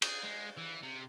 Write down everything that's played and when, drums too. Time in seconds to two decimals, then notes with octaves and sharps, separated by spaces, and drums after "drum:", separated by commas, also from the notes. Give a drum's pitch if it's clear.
0.02 G#4, drum: cymbal
0.23 G#3
0.58 E3
0.83 C3